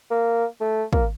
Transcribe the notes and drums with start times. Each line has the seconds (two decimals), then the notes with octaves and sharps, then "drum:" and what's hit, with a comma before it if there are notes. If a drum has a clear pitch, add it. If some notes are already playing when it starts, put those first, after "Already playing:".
0.11 A#3
0.61 A3
0.93 A#3, drum: kick